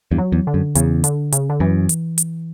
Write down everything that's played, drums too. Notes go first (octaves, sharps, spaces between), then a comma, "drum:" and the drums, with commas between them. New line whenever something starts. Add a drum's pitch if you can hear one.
E2 G2
F#3
E2
D3
F#2
E2 C#3, drum: hi-hat
D3, drum: hi-hat
C#3, drum: hi-hat
D3
F#2 E3
drum: hi-hat
drum: hi-hat